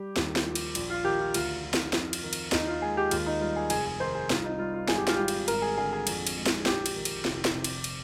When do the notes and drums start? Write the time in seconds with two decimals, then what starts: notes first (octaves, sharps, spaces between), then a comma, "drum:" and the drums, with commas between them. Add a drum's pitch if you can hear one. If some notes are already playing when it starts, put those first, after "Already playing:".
Already playing: G3 G4
0.16 D#2, drum: snare
0.36 drum: snare
0.46 F3
0.55 drum: cymbal
0.75 A#1, drum: cymbal
0.90 F4
1.05 D#3 G4
1.20 F4
1.34 D2 F4, drum: cymbal
1.63 F3
1.74 drum: snare
1.93 F2, drum: snare
2.13 drum: cymbal
2.23 D#3
2.33 drum: cymbal
2.52 D#2 D#4, drum: snare
2.67 F4
2.82 G#3 G#4
2.97 G4
3.11 D#2 F4, drum: cymbal
3.26 D#4
3.41 G3 F4
3.56 G#4
3.70 F1 G#4, drum: cymbal
3.85 G#4
4.00 D#3 C5
4.15 G#4
4.30 C2 F4, drum: snare
4.44 D#4
4.59 G3 F4
4.74 F4
4.88 G#1 G#4, drum: snare
4.98 G4
5.07 F4, drum: snare
5.16 G3 G4
5.28 drum: cymbal
5.48 G#1 A#4, drum: cymbal
5.62 G#4
5.77 D3 G#4
5.93 G#4
6.07 F2, drum: cymbal
6.27 drum: cymbal
6.37 G#3
6.46 drum: snare
6.66 A#1 G4, drum: snare
6.86 drum: cymbal
6.96 D#3
7.05 drum: cymbal
7.25 F1, drum: snare
7.45 drum: snare
7.55 C3
7.64 drum: cymbal
7.84 drum: cymbal